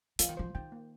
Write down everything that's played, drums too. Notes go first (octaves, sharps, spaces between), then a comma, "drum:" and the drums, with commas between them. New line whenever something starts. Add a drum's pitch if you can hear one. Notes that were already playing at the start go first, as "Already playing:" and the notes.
F3 F4, drum: hi-hat
D#3
F3 C5
D#3 G5
A#3